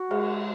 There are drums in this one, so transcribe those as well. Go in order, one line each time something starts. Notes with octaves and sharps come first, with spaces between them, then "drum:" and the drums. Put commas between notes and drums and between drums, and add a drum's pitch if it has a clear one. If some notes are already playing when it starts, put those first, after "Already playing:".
Already playing: F#4
G#3 G#4, drum: cymbal